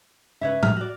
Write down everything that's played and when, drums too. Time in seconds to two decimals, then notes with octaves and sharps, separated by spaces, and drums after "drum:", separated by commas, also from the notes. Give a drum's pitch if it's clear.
0.41 C#3 B4 C#5 E5
0.63 F6, drum: tom A2
0.76 F#4 D5